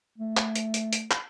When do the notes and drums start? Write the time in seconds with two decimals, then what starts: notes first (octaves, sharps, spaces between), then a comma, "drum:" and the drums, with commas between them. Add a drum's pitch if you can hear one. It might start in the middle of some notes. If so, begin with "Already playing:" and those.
0.18 A3
0.37 drum: clap
0.56 drum: hi-hat
0.74 drum: hi-hat
0.93 drum: hi-hat
1.11 drum: clap